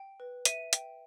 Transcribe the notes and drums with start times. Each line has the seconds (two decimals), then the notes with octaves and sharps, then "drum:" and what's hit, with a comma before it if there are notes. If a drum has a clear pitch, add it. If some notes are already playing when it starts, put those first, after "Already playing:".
Already playing: G5
0.20 B4
0.45 E5 D#7, drum: hi-hat
0.73 G5, drum: hi-hat